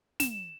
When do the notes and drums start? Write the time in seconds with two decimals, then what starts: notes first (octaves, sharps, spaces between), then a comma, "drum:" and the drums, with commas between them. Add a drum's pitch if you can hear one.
0.20 E7, drum: snare